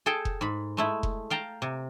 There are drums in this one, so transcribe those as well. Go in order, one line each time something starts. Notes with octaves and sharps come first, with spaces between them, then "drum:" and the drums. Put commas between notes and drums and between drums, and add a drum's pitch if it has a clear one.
G#4 A4 G5 A5
drum: kick F1
G#2 B5
G#3 A3 E4
drum: kick F1
F5 G5 A5 A#5
C3